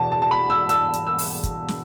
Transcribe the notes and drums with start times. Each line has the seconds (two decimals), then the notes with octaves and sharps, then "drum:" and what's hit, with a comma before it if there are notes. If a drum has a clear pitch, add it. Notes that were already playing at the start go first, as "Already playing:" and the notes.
Already playing: E2 B2 A5
0.12 A5
0.22 A5
0.31 B5
0.50 E6
0.69 E6, drum: hi-hat
0.93 drum: hi-hat
1.07 E6
1.18 drum: open hi-hat
1.43 drum: kick, hi-hat
1.68 drum: snare